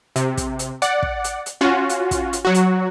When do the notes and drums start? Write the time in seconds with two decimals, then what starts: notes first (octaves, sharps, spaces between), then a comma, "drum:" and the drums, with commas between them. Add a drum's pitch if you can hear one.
0.16 C3, drum: hi-hat
0.37 drum: kick, hi-hat
0.59 drum: hi-hat
0.82 D5 F#5, drum: hi-hat
1.03 drum: kick
1.24 drum: hi-hat
1.46 drum: hi-hat
1.61 C#4 F4 F#4
1.89 drum: hi-hat
2.11 drum: kick, hi-hat
2.33 drum: hi-hat
2.45 F#3 F#4
2.55 drum: hi-hat